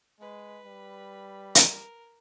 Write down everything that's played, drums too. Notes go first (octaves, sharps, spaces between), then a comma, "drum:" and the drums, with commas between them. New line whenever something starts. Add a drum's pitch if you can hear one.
G#3 B4
G3
A#4, drum: hi-hat